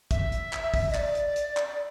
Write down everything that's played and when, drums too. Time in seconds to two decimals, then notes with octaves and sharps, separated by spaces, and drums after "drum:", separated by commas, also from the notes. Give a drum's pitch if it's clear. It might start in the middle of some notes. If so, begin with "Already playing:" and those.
0.11 E5, drum: kick, hi-hat
0.32 drum: hi-hat
0.53 drum: clap
0.74 drum: kick, open hi-hat
0.90 D#5
0.95 D5, drum: clap
1.15 drum: hi-hat
1.36 drum: hi-hat
1.57 drum: clap